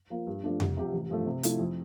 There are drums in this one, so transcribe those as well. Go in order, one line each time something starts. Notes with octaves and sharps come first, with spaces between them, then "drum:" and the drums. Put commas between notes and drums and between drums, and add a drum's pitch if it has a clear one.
F3 A#3 F4
G2
F3 A3 D4
C2, drum: tom F2
C3 F3 C4 G4
A1
G2 F3 A3
C3
F3 A3 E4, drum: hi-hat
F2